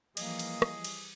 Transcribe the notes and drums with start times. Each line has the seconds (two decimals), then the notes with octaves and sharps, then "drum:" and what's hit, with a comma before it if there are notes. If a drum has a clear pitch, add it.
0.17 E3 F3 G3 A#3 G#4 D#5, drum: cymbal
0.39 drum: cymbal
0.62 drum: rim click
0.84 drum: cymbal